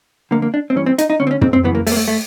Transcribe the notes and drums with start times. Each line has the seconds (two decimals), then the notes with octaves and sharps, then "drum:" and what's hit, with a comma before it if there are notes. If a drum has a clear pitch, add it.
0.31 F2 D3 A#3
0.42 A#3
0.54 D4
0.70 C4
0.75 G2 E3 C#4
0.86 C4
0.98 D#4, drum: hi-hat
1.10 D#4
1.20 D2 D3 C#4
1.27 C4
1.31 C#4
1.41 C4, drum: tom
1.53 C4
1.64 F#2 C#3 E3 B3
1.75 A#3
1.87 A3, drum: open hi-hat
1.92 A#3
1.97 A3
2.08 A3